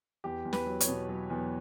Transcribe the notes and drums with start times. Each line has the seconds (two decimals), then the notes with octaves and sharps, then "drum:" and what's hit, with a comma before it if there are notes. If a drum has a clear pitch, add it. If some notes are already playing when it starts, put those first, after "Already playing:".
0.24 E2 G4
0.45 E2
0.53 B4, drum: snare
0.66 F#3
0.80 C#5, drum: hi-hat
0.88 B2
1.09 F#3
1.30 E2